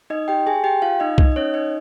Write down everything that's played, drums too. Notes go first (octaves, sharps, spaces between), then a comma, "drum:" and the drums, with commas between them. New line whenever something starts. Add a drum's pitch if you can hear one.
D#4 D#5
G4 G5
G#4 G#5
G4 G5
F4 F5
D#4 D#5
D#4 D#5, drum: kick C2
D#5
C#4 C#5
D#4 D#5